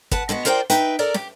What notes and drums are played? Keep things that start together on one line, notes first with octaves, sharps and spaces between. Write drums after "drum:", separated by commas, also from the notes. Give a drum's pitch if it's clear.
B4 F#5 A5, drum: kick
D3 G#3 B3 F#4
F4 A#4 C5 D5 F#5 G5
D#4 B4 E5 G5, drum: hi-hat
A4 A#4 D5 A#5
G4, drum: snare